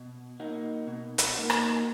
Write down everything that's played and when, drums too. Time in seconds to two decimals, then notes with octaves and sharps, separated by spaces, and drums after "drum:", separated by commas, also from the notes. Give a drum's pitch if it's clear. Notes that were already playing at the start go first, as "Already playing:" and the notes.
Already playing: B2
0.40 A#3 D#4 F#4
0.87 B2
1.18 drum: hi-hat
1.34 A#3 D#4 F#4
1.50 drum: rim click